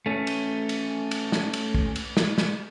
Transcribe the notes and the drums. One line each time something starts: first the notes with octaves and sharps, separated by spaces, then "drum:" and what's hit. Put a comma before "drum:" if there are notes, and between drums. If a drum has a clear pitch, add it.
A3 C#4
drum: cymbal
drum: cymbal
drum: cymbal
drum: snare
drum: cymbal
drum: kick
drum: cymbal
drum: snare
drum: snare